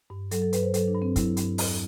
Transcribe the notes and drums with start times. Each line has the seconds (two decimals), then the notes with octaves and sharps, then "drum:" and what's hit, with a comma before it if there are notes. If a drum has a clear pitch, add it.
0.10 G2
0.31 F#3 A4, drum: hi-hat
0.42 A4
0.53 G2 B4, drum: hi-hat
0.63 C5
0.74 F#3 A4, drum: hi-hat
0.88 D4
0.95 G2
1.02 C4
1.16 F#3 E4, drum: kick, hi-hat
1.37 G2, drum: hi-hat
1.58 E2, drum: open hi-hat